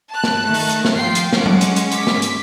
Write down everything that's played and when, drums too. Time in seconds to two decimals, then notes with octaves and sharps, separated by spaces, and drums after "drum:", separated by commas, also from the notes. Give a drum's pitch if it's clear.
0.11 A5 F#6
0.24 drum: snare
0.43 D#3 A3
0.54 drum: open hi-hat
0.69 drum: hi-hat
0.85 drum: snare
0.95 F3 F4 G5 C7
1.15 drum: hi-hat
1.33 G#3 C#4 F#5 D6, drum: snare
1.46 drum: tom F#3
1.61 drum: hi-hat
1.76 drum: hi-hat
1.92 D6 B6, drum: hi-hat
2.07 drum: snare
2.22 drum: hi-hat